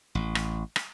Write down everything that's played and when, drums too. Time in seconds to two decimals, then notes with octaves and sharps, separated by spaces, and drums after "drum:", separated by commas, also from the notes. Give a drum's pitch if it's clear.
0.15 A1
0.35 drum: rim click
0.76 drum: rim click